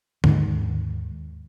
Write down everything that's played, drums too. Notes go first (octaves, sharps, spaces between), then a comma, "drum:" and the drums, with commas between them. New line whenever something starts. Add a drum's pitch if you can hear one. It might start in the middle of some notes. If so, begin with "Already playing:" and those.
D#2 G#2 D#3, drum: tom D3